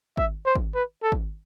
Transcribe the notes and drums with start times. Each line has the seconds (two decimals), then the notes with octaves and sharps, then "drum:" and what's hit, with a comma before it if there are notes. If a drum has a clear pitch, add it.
0.17 E5, drum: kick G#1
0.46 C5
0.55 drum: kick G#1
0.75 B4
1.03 A4
1.12 drum: kick G#1